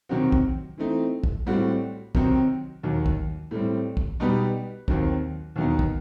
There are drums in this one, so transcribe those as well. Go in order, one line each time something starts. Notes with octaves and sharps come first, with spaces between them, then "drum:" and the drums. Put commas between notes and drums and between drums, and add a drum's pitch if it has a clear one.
C3 D#3 F#3 C4 F#4
drum: kick
E3 A3 C4 D#4
drum: kick
A2 G3 C4 F#4
C3 D#3 F#3 C4 D#4, drum: kick
D#2 D#3 F#3
drum: kick
A2 G3 C4
drum: kick
B2 G3 D#4 G4 B4
D#2 D#3 F#3 C4, drum: kick
D#2 D#3 F#3 B3 D#4
drum: kick